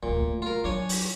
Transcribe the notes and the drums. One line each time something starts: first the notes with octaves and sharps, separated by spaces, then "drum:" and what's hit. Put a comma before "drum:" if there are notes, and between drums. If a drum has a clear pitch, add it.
D1 D2 A#2
D2
F4 A#4
F#3 D4 C#5 G#5
drum: open hi-hat